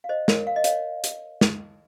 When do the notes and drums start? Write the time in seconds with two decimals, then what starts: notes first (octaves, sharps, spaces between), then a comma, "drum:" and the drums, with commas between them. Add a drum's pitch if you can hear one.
0.04 F5
0.09 C5 D#5
0.28 A#4 C#5, drum: snare
0.47 F5
0.56 D#5
0.64 C#5 F5, drum: hi-hat
1.04 drum: hi-hat
1.41 drum: snare